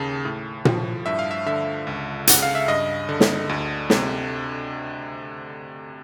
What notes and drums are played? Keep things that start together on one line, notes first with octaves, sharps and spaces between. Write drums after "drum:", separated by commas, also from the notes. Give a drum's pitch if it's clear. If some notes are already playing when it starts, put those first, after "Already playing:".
Already playing: D#2 C#3 A5
A2
F3, drum: tom A#2
G2 E5
F5
E5
D3 E5
C#2
C#3 F#5, drum: hi-hat
F5
E5
G2 D#5
D3
drum: snare
D2
C3, drum: snare